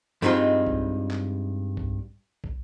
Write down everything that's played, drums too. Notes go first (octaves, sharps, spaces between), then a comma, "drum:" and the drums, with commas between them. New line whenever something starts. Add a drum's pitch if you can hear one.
G2 G3 G#3 C4 D#4 F4
drum: kick
drum: clap
drum: kick
drum: kick